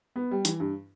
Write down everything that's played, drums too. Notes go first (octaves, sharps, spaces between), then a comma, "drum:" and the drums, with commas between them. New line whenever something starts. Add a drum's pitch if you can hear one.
B3
G3
E3, drum: hi-hat
G2